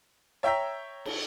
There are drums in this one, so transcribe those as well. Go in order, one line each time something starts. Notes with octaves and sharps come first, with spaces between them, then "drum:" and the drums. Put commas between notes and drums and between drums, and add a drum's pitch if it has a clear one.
C#5 E5 G5 A#5 E6 B6
drum: cymbal